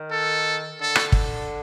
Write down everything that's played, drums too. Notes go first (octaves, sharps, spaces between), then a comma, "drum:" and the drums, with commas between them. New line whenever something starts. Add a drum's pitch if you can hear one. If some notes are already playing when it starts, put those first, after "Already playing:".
Already playing: D#3
A4
D3 A4
drum: rim click
drum: kick